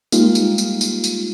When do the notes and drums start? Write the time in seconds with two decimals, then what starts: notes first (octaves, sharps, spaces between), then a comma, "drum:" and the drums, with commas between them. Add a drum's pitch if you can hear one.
0.12 G3 G#3 A#3 D#4 F4 G4, drum: tambourine
0.35 drum: tambourine
0.58 drum: tambourine
0.81 drum: tambourine
1.04 drum: tambourine